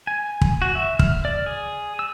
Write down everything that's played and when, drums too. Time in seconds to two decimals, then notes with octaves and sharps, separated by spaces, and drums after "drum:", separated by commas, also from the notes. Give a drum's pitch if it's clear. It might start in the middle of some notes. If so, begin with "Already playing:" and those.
0.07 G#5
0.41 drum: kick
0.62 F#4
0.75 E5
0.99 F6, drum: kick
1.25 D5
1.46 G#4
1.99 E6